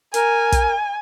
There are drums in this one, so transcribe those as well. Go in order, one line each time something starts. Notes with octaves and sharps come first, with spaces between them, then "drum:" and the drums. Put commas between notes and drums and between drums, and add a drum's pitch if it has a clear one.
A#4 G#5, drum: hi-hat
drum: kick, hi-hat